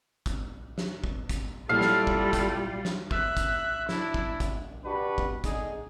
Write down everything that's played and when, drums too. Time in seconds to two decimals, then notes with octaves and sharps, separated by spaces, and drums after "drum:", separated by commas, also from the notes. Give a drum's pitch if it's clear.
0.26 drum: kick, hi-hat
0.78 drum: snare
1.04 drum: kick
1.29 drum: kick, hi-hat
1.69 A#2 F#3 G3 E4 F4 A4 F5
1.81 drum: snare
2.07 drum: kick
2.33 drum: kick, hi-hat
2.85 drum: snare
3.11 E5 F#6, drum: kick
3.37 drum: kick, hi-hat
3.89 D4 E4, drum: snare
4.14 drum: kick
4.40 drum: kick, hi-hat
4.85 D4 F#4 G4 B4
5.18 drum: kick
5.44 D3 D#4 G#4, drum: kick, hi-hat